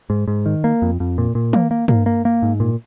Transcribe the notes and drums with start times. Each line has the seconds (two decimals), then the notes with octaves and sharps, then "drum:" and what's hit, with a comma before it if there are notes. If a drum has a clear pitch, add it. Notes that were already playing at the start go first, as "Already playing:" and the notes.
0.10 G#2
0.28 G#2
0.46 D#3
0.64 A#3
0.82 F2
1.00 F2
1.18 A#2
1.35 A#2
1.53 A#3, drum: tom
1.71 A#3
1.88 A#3, drum: tom G2
2.06 A#3
2.25 A#3
2.42 G#2
2.60 A#2